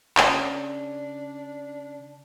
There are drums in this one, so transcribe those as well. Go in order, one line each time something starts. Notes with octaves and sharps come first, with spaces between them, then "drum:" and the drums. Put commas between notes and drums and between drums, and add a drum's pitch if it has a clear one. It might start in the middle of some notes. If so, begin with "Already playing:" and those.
C#3 C#4 D4, drum: clap